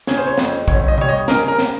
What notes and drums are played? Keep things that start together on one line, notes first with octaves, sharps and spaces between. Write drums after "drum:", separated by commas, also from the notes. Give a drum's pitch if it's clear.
C#3 C#5, drum: snare
C5
C#5
F2, drum: snare
G1 C#5, drum: kick
D#5
G3 C#5, drum: tom C3
D#5
C#3 A#4, drum: snare
A#4
drum: snare